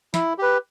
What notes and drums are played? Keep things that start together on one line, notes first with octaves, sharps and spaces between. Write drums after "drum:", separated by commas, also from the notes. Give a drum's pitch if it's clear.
E4, drum: snare
G4 B4